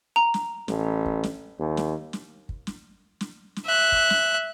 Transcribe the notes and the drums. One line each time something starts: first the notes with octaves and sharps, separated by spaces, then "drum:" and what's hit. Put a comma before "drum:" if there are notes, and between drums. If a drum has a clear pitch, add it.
A#5
drum: snare
A1, drum: snare
drum: kick
drum: snare
D#2
drum: snare
drum: snare
drum: kick
drum: snare
drum: snare
drum: snare
E5 F#6
drum: kick
drum: snare